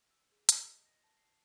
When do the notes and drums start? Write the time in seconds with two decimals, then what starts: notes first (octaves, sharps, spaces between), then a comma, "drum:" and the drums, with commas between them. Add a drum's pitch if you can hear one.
0.11 E6
0.32 G#4
0.49 A5, drum: hi-hat
0.63 D#5
0.86 A#6
1.04 A5
1.17 C7